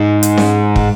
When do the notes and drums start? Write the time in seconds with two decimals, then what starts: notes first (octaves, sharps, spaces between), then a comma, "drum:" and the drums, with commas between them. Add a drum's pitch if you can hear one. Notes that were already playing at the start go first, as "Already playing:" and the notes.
Already playing: G#2
0.23 drum: hi-hat
0.38 drum: snare C#4
0.76 drum: kick